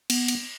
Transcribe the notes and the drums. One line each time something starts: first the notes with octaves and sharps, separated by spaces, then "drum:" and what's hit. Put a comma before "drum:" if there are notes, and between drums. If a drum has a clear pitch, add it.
B3, drum: cymbal
drum: cymbal